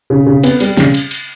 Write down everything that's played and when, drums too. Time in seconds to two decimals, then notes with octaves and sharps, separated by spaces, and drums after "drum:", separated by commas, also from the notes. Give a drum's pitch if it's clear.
0.10 C#3
0.26 C#3
0.43 B3, drum: cymbal
0.60 G3, drum: cymbal
0.77 C#3, drum: snare
0.94 drum: cymbal
1.11 drum: cymbal